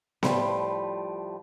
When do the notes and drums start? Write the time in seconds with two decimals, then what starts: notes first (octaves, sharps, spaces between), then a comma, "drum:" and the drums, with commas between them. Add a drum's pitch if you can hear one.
0.23 A2 F3 G3, drum: snare B3